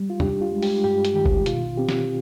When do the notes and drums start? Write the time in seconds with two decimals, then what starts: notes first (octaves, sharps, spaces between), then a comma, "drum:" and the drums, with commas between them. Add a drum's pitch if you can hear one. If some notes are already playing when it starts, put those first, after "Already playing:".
Already playing: G3
0.10 F4
0.20 D4 G4, drum: tom
0.41 F4
0.52 G#3
0.62 G4, drum: open hi-hat
0.84 G2 G4
1.05 drum: hi-hat
1.14 D#3 G4
1.26 drum: kick G1
1.46 B2 F4, drum: hi-hat
1.77 C4 G4
1.89 drum: snare